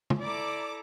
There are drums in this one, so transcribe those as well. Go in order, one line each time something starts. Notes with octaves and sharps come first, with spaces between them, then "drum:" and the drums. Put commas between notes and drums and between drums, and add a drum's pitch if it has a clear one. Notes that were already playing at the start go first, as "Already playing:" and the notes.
drum: tom
E4 A4 D5 A#5 D6